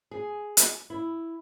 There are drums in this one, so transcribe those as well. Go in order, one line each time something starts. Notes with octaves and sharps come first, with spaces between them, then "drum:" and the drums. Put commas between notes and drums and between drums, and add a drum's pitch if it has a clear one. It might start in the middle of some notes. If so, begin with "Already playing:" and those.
G#4
drum: hi-hat
E4